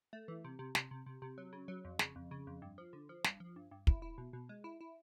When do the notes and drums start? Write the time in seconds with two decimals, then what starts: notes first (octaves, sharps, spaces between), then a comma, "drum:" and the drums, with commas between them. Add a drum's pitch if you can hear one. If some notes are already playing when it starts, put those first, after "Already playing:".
0.13 A3
0.28 E3
0.44 C3
0.59 C3
0.75 C3, drum: snare
0.91 C3
1.06 C3
1.22 C3
1.38 F#3
1.53 C#3
1.68 F#3
1.85 F2
1.99 C#3, drum: snare
2.16 F2
2.31 C#3
2.47 F2
2.62 G2
2.78 F3
2.93 D3
3.09 F3
3.24 G2, drum: snare
3.40 F3
3.56 G2
3.71 G2
3.87 E4, drum: kick
4.02 E4
4.18 B2
4.33 B2
4.49 G#3
4.64 E4
4.81 E4